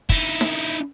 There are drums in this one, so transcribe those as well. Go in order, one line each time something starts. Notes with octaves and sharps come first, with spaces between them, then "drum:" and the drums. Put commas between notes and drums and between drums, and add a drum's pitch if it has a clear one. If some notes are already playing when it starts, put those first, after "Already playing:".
D#4 E4, drum: kick
drum: snare D#4